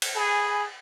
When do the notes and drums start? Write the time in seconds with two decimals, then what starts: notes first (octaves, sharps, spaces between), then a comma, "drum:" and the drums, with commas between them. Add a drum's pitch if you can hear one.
0.02 drum: cymbal
0.15 G#4 G#5 B5